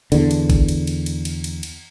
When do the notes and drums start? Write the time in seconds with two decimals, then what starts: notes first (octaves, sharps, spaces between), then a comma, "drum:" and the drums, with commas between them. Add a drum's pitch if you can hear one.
0.12 E2 D3, drum: cymbal
0.31 drum: cymbal
0.50 drum: kick G#1, cymbal
0.69 drum: cymbal
0.87 drum: cymbal
1.06 drum: cymbal
1.25 drum: cymbal
1.44 drum: cymbal
1.63 drum: cymbal